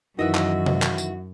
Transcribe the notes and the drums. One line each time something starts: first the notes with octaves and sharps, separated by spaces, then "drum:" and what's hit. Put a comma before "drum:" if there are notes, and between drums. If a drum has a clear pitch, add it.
F#2 D#3 E3 F#4 D#5 E5 F#5
drum: clap
drum: tom C3
drum: clap
drum: tambourine